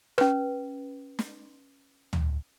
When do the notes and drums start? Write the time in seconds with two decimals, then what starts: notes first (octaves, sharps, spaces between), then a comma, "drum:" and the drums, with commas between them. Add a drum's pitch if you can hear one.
0.18 C#4 B4, drum: rim click
1.19 drum: snare
2.13 drum: tom